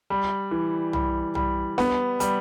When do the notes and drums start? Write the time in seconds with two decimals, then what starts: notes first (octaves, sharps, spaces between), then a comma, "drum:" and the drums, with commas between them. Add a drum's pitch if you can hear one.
0.10 G3
0.51 E3
0.93 G3, drum: tom
1.35 G3, drum: tom
1.78 B3, drum: snare D4
2.20 G3, drum: hi-hat